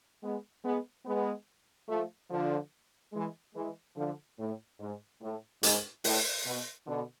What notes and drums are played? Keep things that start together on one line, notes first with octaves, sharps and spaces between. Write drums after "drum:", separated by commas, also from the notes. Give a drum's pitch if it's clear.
G#3 B3
G#3 B3
G#3 B3
F3 A3
D3 F3
E3 G#3
E3 G#3
D3 F3
A2
G#2
A2
G#2, drum: hi-hat
A2, drum: open hi-hat
B2
B2 D3